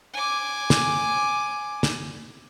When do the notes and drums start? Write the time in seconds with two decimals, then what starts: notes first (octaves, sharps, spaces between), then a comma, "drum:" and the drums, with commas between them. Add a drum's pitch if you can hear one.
0.14 G#5 D6
0.70 drum: snare
1.83 drum: snare